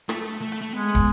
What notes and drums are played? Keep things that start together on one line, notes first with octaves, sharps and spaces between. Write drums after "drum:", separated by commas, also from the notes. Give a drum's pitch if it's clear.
A3, drum: rim click
A3
drum: hi-hat
A3
G#3 B3
drum: kick, hi-hat